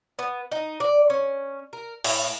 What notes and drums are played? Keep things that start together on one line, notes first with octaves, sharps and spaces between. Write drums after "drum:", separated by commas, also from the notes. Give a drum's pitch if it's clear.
B3
D#4
D5
C#4
A#4
A2, drum: cymbal